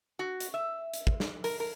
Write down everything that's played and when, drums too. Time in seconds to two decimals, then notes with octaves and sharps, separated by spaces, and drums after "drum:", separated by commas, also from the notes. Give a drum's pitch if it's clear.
0.19 F#4
0.40 drum: hi-hat
0.54 E5
0.94 drum: hi-hat
1.07 drum: kick
1.20 drum: snare
1.44 A#4, drum: open hi-hat
1.60 A#4